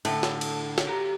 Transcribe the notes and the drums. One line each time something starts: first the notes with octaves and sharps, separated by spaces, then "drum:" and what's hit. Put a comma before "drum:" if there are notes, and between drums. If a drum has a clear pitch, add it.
A2 D3, drum: cymbal
drum: snare
drum: cymbal
drum: snare
G4 A#5